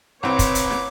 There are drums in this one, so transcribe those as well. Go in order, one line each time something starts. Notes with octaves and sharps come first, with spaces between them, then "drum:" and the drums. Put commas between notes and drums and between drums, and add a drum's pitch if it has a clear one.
C2 C4 B4 C#5 D6
drum: kick, hi-hat
drum: hi-hat
drum: snare